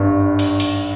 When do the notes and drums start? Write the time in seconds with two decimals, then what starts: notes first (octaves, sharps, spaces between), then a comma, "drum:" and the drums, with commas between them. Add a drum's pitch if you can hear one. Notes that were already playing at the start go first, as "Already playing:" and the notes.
Already playing: G#1 G2
0.39 drum: cymbal
0.60 drum: cymbal